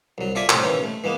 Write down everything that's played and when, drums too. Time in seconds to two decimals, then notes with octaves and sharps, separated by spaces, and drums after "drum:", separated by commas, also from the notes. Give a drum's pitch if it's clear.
0.18 C2 F#3
0.35 F4 A4 D5 E5 G#5 A5
0.49 A2 C3, drum: clap
0.63 D#2 E3 C#4
0.84 A3
1.04 E3 G#3 A#3 B3